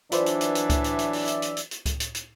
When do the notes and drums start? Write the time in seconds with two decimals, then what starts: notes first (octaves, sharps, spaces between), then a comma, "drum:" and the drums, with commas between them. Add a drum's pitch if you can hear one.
0.12 E3 F#3 D4 F4 B4 C5 D5 E5, drum: hi-hat
0.26 drum: hi-hat
0.41 drum: hi-hat
0.55 drum: hi-hat
0.70 drum: kick C#2, hi-hat
0.84 drum: hi-hat
0.99 drum: hi-hat
1.13 drum: open hi-hat
1.28 drum: hi-hat
1.42 drum: hi-hat
1.57 drum: hi-hat
1.71 drum: hi-hat
1.86 drum: kick C#2, hi-hat
2.00 drum: hi-hat
2.15 drum: hi-hat